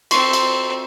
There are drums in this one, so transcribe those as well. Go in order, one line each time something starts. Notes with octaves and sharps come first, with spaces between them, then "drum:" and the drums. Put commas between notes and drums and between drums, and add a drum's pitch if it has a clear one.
C4 A4 C6 C#6 C7, drum: cymbal
drum: cymbal